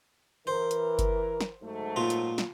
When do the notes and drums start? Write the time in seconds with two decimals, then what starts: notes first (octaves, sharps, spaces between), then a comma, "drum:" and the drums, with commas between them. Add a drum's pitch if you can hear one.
0.47 E3 A#4 C5
0.71 drum: hi-hat
0.99 drum: kick G1, hi-hat
1.41 drum: snare
1.62 G#2 F#3 A3
1.96 A#2 F4
2.10 drum: hi-hat
2.38 drum: snare